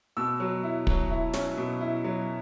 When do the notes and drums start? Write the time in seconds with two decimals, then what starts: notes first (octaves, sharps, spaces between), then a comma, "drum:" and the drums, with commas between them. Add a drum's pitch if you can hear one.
0.17 B2 E6
0.40 F#3
0.64 E4
0.87 F#3, drum: kick
1.11 E4
1.33 C#4, drum: snare
1.57 B2
1.81 E4
2.04 F#3